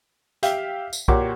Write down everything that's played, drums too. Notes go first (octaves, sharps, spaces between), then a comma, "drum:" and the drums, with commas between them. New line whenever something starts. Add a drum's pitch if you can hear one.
G4 E5 F5 G5, drum: hi-hat
drum: tambourine
A#2 F#4 G4 C#5 D6, drum: kick B1